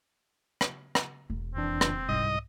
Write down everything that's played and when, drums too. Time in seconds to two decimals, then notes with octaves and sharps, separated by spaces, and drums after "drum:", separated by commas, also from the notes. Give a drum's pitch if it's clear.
0.61 drum: rim click
0.95 drum: rim click
1.30 E1
1.55 F2 E3 C4 D4
1.81 drum: rim click
2.09 C2 G#2 D#5